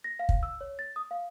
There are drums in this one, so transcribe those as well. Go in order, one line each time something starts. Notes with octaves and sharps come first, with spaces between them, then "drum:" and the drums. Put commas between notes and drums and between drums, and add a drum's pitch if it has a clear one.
A#6
F5
drum: kick
E6
C#5
A6
D#6
F5